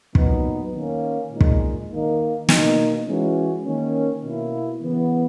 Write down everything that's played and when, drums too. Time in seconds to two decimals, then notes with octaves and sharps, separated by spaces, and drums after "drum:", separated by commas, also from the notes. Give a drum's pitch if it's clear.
0.15 A#2 F#3 B3 D#4, drum: kick
0.73 D#3 A#3 C#4
1.31 A#2 G#3 D#4
1.41 drum: kick
1.90 D#3 A#3 D#4
2.49 B2 A#3 D#4, drum: snare
3.06 E3 G#3 C#4 F#4
3.64 D#3 A#3 C#4
4.23 B2 A#3 E4
4.82 C#3 E3 B3